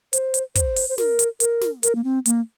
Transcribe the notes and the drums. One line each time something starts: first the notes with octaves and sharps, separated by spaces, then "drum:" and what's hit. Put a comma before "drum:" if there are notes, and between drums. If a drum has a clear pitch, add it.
C5, drum: hi-hat
drum: hi-hat
C5, drum: kick, hi-hat
drum: open hi-hat
C5
A#4, drum: snare
drum: hi-hat
A#4, drum: hi-hat
drum: snare
A#4, drum: hi-hat
A#3
C4
A#3, drum: hi-hat